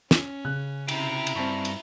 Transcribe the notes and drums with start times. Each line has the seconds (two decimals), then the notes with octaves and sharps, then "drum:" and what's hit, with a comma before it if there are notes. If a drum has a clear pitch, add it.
0.11 C#4, drum: snare
0.44 C#3 F#6
0.88 C3 E4 G4 A#5, drum: cymbal
1.27 drum: cymbal
1.36 G2 C4 A5 C#6
1.65 drum: cymbal